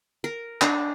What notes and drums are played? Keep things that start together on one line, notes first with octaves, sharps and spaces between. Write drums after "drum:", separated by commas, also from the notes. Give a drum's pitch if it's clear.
A#4
D4, drum: clap